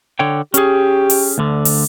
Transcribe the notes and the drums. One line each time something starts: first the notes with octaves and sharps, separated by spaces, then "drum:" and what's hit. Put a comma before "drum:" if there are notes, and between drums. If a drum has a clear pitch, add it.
D3 C#5 G5
C#4 G4 G#4, drum: hi-hat
drum: open hi-hat
D2 D3
drum: open hi-hat